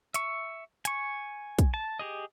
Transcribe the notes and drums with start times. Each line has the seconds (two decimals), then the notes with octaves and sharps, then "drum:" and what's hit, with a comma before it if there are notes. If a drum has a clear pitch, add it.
0.14 E5 C#6, drum: hi-hat
0.85 G#5 C#6, drum: hi-hat
1.59 drum: kick, hi-hat
1.74 A5
1.99 G4 G#4 D#5